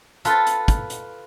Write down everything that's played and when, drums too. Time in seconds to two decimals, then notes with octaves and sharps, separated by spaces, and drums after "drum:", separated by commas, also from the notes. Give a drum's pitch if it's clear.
0.25 F4 A4 B4, drum: hi-hat
0.47 drum: hi-hat
0.68 drum: kick, hi-hat
0.90 drum: hi-hat